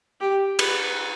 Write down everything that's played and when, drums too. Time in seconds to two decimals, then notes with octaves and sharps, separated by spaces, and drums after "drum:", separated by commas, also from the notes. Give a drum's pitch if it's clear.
0.21 G4
0.59 B4, drum: cymbal